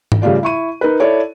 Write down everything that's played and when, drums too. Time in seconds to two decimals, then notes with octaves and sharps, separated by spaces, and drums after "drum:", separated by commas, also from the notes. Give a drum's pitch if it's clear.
0.12 drum: tom G#2
0.22 C#3 G3 A3 F4 D5
0.43 E4 C#6 D#7
0.81 D#4 A#4 B4
1.00 E4 A4 C#5 D5